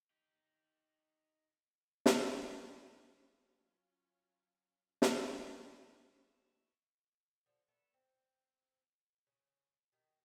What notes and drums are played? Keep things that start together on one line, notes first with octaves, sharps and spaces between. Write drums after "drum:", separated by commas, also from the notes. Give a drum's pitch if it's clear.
D#4 G4
drum: snare
F#3 C#4 F4
drum: snare
E5 C#6
D3 F3
A3 B3
C4
C#3
B2 D#3